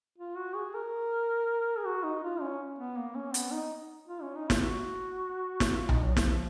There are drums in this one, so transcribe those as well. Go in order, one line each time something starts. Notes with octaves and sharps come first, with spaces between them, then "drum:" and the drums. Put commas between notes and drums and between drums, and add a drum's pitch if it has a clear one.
F4
F#4
G#4
A#4
G#4
F#4
D#4
F4
C#4
B3
A#3
C#4
B3, drum: hi-hat
D#4
F4
C#4
D#4
F4, drum: snare
F#4
drum: snare
F4
D#4, drum: tom B1
F#3
F3, drum: snare